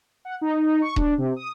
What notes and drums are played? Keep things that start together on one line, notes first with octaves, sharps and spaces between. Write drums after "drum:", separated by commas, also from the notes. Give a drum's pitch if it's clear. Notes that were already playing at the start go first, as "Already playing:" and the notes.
F#5
D#4
D#4
C#6
D4, drum: kick D#1
C3
D#6